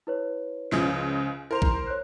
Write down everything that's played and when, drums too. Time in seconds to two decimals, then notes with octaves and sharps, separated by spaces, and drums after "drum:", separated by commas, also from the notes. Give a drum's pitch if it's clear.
0.07 E4 B4 C#5
0.72 C#2 C#3 F3, drum: snare
1.51 E4 A#4 C5 A#5 F7
1.62 drum: kick A#1
1.87 C#5 F#6